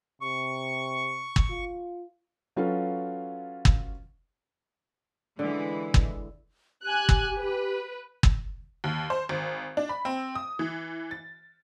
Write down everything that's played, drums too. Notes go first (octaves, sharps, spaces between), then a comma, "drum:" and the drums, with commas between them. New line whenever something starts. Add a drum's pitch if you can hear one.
C3 C#6
drum: kick
F4
F#3 C#4 F4 A4 B4 F5
drum: kick
D3 E3 G#3
drum: kick
G4 G#5 F#6
drum: kick
B4
drum: kick
D#2
C5
G#1
D4
B5
C4
D#6
E3
A6